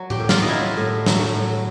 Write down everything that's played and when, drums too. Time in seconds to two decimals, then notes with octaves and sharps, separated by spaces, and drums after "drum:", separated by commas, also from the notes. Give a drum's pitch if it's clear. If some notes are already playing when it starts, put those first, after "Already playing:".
Already playing: F#3
0.10 G4 G5, drum: tom A2
0.20 A2
0.29 F4 F5, drum: snare
0.42 D#5
0.48 F#3 E4 E5
0.77 A2
1.06 F#3, drum: snare
1.35 A2